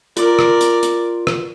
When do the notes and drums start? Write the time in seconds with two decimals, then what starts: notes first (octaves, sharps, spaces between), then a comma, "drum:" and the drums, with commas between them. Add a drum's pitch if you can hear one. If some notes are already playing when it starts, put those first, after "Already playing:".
0.17 F4 A#4 D5, drum: hi-hat
0.39 drum: rim click
0.61 drum: hi-hat
0.83 drum: hi-hat
1.27 drum: rim click